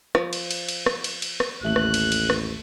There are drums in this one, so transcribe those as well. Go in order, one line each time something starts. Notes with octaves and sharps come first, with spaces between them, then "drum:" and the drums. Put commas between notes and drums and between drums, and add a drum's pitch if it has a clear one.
F3, drum: rim click
drum: cymbal
drum: cymbal
drum: cymbal
drum: rim click
drum: cymbal
drum: cymbal
drum: rim click
A1 D#2 A3 F#6 F#7
drum: rim click
drum: cymbal
drum: cymbal
drum: rim click